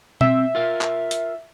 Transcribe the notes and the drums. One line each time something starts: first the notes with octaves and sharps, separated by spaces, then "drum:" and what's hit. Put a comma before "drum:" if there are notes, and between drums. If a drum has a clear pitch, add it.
C4 E5, drum: tom B2
F4 A#4 F5
drum: clap
drum: hi-hat